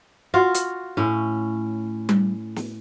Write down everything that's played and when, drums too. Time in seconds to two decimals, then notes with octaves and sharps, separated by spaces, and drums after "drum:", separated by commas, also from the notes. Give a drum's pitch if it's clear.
0.34 F4 F#4 F5
0.55 drum: hi-hat
0.97 A2 C#4
2.09 drum: tom G3
2.56 drum: snare